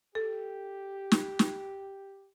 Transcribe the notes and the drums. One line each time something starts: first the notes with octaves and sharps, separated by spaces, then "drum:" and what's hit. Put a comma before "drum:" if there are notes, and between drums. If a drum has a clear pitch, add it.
G4 A4
drum: snare
drum: snare